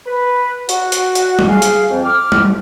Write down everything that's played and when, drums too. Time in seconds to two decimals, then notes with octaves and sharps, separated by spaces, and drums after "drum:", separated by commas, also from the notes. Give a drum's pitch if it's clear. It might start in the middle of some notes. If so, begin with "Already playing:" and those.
0.06 B4
0.69 F#4, drum: hi-hat
0.92 drum: hi-hat
1.15 drum: hi-hat
1.39 drum: tom G3
1.49 G#4 F5
1.62 drum: hi-hat
1.90 F2 C4
2.04 D6 F6
2.32 drum: tom G3